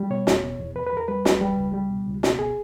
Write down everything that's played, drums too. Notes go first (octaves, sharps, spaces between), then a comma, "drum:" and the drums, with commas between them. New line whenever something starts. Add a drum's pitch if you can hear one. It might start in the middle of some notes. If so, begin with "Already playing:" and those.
Already playing: G3
B2 C#5
E2, drum: snare
B2
E2
E2 B4
B4
E2 A#4
G3 B4
E2, drum: snare
G3
C#2
G3
B2
C#2
B2, drum: snare
B2 G#4